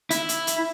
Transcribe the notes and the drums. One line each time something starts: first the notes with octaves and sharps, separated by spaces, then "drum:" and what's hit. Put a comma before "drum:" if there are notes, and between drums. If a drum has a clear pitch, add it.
E4, drum: hi-hat
drum: hi-hat
drum: hi-hat